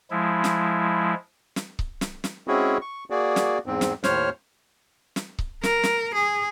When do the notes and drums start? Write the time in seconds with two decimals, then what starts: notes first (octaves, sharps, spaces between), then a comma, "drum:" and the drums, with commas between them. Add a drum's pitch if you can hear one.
0.11 F3 G#3 E4
0.44 drum: snare
1.56 drum: snare
1.79 drum: kick C#1
2.01 drum: snare
2.24 drum: snare
2.48 G#3 C4 C#4 E4 F#4 G#4
2.81 C#6
3.10 A#3 F#4 G#4 D5
3.36 drum: snare
3.66 E2 G#2 C4
3.81 drum: snare
4.04 D#2 A2 C5 C#5 F6, drum: snare
5.16 drum: snare
5.39 drum: kick C#1
5.63 A#4, drum: snare
5.83 drum: snare
6.14 G#4